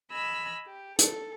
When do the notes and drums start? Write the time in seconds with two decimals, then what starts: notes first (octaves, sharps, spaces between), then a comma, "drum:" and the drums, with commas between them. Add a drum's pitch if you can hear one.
0.12 D#5 G#5 B5 E6 F6
0.66 G4
0.99 A4, drum: hi-hat